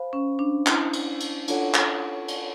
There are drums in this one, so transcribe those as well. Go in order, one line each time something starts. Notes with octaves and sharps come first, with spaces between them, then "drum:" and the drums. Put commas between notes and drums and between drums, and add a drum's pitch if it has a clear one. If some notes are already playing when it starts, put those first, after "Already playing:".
Already playing: C5 F5 G#5 B5
C#4
D4
E4, drum: clap
drum: cymbal
drum: cymbal
D4 F4 A4 C#5 F#5, drum: cymbal
drum: clap
drum: cymbal